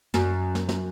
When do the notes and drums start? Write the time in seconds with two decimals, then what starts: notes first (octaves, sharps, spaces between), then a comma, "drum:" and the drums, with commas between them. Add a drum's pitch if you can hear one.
0.14 F#2, drum: snare
0.55 drum: snare
0.69 drum: snare